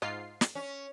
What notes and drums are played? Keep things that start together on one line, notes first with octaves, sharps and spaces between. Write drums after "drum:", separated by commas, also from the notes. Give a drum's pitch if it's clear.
G#2 F4 D#5 C7
drum: snare
C#4